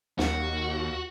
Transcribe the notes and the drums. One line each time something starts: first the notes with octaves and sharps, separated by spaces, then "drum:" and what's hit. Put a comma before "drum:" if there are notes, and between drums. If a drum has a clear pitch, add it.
D#2 F#4, drum: snare